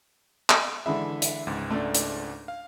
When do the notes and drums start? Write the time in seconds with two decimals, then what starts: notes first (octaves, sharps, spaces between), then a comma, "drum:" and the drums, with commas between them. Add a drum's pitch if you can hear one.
0.50 drum: clap
0.86 D3 E3 G#3 E5 B5
1.22 drum: hi-hat
1.47 C#2 G#2
1.70 A3 D4
1.95 drum: hi-hat
2.48 F5